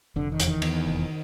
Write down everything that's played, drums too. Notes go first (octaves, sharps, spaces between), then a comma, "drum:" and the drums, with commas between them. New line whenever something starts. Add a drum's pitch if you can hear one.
F1 D3
D#3
E2, drum: hi-hat
D#3
E2, drum: cymbal
F1